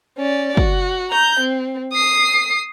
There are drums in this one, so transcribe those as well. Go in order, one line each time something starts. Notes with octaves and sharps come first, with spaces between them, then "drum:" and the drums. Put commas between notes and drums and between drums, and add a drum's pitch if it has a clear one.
C#4 D5
F#4, drum: kick
A#5 G6
C4
D#6 C7